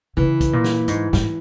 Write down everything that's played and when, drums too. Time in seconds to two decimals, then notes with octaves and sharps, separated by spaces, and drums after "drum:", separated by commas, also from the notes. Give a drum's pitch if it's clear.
0.17 C#3 E3
0.41 drum: kick, hi-hat
0.53 A#2
0.64 drum: snare
0.88 G#2, drum: hi-hat
1.13 G#2, drum: snare